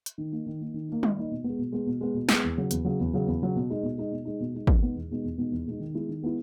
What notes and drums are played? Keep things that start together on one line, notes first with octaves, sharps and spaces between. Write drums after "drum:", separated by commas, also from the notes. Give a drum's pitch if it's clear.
drum: hi-hat
D#3
A#3 D#4
D#3
A#3 D#4
D#3
A#3 D#4
D#3, drum: tom G3
A#3 D#4
B2
B3
G#3
B2
G#3 B3
B2
G#3 B3
B2
G#3 B3, drum: snare
E2
C#3 F#3
E2, drum: hi-hat
C#3 F#3
E2
C#3 F#3
E2
C#3 F#3
B2
G#3 D#4
B2
G#3 D#4
B2
G#3 D#4
B2
G#3 D#4
E2, drum: kick
B2 G#3 B3 D#4
E2
B2 G#3 B3 D#4
E2
B2 G#3 B3 D#4
E2
B2 G#3 B3 D#4
D#3
G#3 B3 E4
D#3
G#3 B3 E4